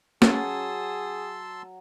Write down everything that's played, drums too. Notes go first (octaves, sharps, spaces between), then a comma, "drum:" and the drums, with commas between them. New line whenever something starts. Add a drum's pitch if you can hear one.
F#3 C#4 G#4 A5 C6 E6 A6, drum: snare